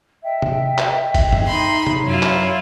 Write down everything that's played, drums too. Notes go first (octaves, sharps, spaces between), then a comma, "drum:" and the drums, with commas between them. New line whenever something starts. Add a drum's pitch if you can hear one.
D#5 E5 G5
drum: tom C3
drum: clap
drum: kick F#1, cymbal
drum: tom F#2
D#4 B5 C6
drum: tom C3
F#2 E4 F4 C#5
drum: clap